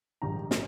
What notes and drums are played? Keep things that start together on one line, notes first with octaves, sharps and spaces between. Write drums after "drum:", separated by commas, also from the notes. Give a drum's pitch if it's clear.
A#1 G#2 D#3 G3 A#5
drum: snare